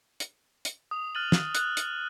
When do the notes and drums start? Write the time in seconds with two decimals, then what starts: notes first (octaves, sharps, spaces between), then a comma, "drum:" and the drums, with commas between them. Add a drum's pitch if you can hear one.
0.20 drum: hi-hat
0.65 drum: hi-hat
0.91 D#6 F7
1.15 F6 F#6 A6 D#7 F#7
1.32 drum: snare
1.55 F#6, drum: hi-hat
1.77 drum: hi-hat